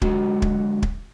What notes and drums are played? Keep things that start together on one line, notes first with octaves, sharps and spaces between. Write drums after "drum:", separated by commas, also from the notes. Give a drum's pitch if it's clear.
D3 F#3 G#3 F#4, drum: kick
drum: kick
drum: kick